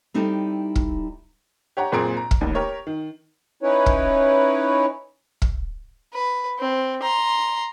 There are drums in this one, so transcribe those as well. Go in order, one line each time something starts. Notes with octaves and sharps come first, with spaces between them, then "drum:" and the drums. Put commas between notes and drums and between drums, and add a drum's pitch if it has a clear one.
G3 C4 D#4 E4 G4 A4
drum: kick
G4 C#5 F#5 A#5
F#1 A#2 C4 G#4 A#5 D7
A#5
drum: kick
A1 D#2
G4 A#4 C#5
D#3
C#4 D#4 E4 B4 C#5
drum: kick
drum: kick
B4
C4
A#5 C6